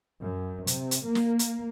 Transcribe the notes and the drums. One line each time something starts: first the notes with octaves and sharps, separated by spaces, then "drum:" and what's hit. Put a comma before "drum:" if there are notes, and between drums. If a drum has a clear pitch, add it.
F#2
C3, drum: hi-hat
drum: hi-hat
A#3
drum: snare
drum: hi-hat